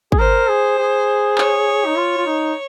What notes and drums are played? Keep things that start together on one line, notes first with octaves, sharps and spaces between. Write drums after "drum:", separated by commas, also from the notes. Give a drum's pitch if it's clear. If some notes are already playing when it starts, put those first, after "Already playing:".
G#4, drum: kick
A#4 C5
G#4
G#4
C#5, drum: clap
D#4
F4
F4
D#4